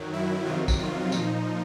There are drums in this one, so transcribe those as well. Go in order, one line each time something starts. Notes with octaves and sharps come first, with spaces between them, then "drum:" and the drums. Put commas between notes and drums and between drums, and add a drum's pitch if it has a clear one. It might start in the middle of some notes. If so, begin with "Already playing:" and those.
Already playing: F#2 D#3 F#3
E4
F2 C3 D#3 F#3 F4
drum: kick, tambourine
F4
A#2 F3 D#4, drum: tambourine